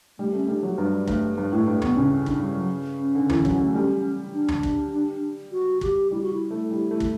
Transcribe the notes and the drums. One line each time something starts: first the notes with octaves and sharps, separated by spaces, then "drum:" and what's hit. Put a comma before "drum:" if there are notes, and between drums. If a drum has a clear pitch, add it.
G3 A3
A3 C#4
G3 D4
F#3
G2 G3
G2 A3, drum: kick
G2 G3
A2 A3
G2 A3
B3, drum: tom D2
C#3 C#4
C#4
D4, drum: kick
G3
F#3
C#4
D3
E3, drum: tom D2
F#3, drum: kick
A3
G3
D4
drum: tom D2
drum: kick
F#4
G4, drum: kick
G3 E4
F#4
E4
A3
G3
A3
drum: kick